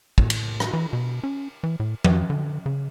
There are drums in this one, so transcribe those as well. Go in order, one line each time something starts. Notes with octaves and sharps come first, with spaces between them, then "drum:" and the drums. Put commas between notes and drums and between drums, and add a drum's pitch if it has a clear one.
A2, drum: kick
drum: cymbal
drum: rim click
E3
B2
C#4
E3
A2
F2, drum: tom F3
D3
C#3